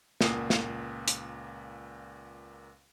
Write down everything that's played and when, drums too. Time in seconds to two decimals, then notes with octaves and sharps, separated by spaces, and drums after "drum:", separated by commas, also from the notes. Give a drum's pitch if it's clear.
0.21 C#2 A#2 A#3 F#5 D#6 C7, drum: snare
0.50 drum: snare
1.08 drum: hi-hat